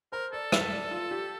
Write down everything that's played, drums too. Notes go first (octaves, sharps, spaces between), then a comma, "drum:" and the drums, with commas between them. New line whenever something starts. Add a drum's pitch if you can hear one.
A#4 C5
A4 D5
E5, drum: rim click
D5
F4
G4